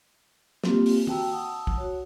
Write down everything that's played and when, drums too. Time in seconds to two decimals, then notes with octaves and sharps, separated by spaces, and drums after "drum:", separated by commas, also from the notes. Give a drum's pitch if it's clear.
0.64 A#3 C4 F4 G4, drum: snare
0.86 drum: open hi-hat
1.07 F#4 G5 A5 A#5 E6, drum: tom D#3
1.32 F#5 A5 D#6 E6
1.67 drum: kick
1.78 F#4 C#5